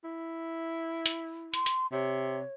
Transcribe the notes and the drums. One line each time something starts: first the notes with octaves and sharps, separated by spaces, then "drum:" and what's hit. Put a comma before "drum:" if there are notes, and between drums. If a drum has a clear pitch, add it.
E4
drum: hi-hat
C6, drum: hi-hat
drum: hi-hat
C3 C#5